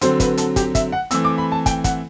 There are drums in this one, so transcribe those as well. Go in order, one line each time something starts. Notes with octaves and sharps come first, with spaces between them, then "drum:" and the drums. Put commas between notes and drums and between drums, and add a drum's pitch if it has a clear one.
D3 F#3 C4 C5, drum: hi-hat
B4, drum: kick, hi-hat
A4, drum: hi-hat
G4, drum: kick, hi-hat
E5, drum: kick, hi-hat
F#5
E3 A3 C4 E6, drum: hi-hat
D6
B5
A5
G5, drum: kick, hi-hat
F#5, drum: kick, hi-hat